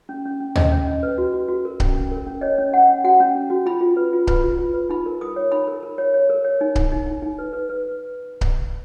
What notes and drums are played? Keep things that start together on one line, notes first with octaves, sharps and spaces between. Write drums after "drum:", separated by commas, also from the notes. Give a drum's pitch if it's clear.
C#4
C#4
C#4
C#4 D#5, drum: tom
C#4
C#4
B4
F#4
F#4
F#4
A#4
C#4, drum: kick C#1
C#4
A#4
C#4
C#5 D#5
C#4
C#4 F#5
C#4
F#4 F#5
C#4
C#4
F#4
F4 B5
F4
B4
F4
B4 B5, drum: kick C#1
F4
F4
B4
D#4 B5
A#4
A#4 D#6
C#5
D#4 B5
A#4
A#4
C#5
C#5
A#4
C#5
D#4
D#4, drum: kick C#1
D#4
D#4
D#4
B4
B4
B4
drum: kick C#1